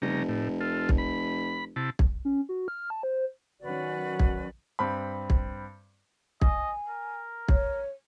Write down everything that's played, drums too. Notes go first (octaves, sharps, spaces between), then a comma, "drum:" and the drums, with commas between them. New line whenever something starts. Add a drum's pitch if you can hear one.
F1 C#3 G3 A#5
A2
F4 A4
drum: kick
B5
C3 E4 A5
drum: kick
C#4
F#4
F6
A5
C5
D#3 F#3 C#4 F#4 B4 D5
drum: kick
G2 C4 B5
drum: kick
D#5 G#5, drum: kick
A#4
C#5, drum: kick